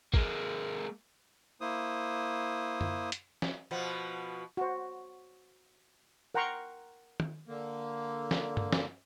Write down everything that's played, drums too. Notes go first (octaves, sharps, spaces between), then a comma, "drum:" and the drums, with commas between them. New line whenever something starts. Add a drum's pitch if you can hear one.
G#3 A#3, drum: kick
A#3 E4 C5 D#6
drum: tom F#2
drum: hi-hat
drum: snare
B2 F3 B3
F#4 C5
A#4 F#5 G5 A#5 C6 C#6
drum: tom
D3 A#3
drum: snare
drum: tom G2
drum: snare